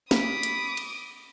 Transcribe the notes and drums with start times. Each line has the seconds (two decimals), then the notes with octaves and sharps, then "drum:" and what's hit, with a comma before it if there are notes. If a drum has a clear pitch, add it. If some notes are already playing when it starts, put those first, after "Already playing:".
0.11 B5 D6 D#6, drum: snare
0.43 drum: hi-hat
0.77 drum: cymbal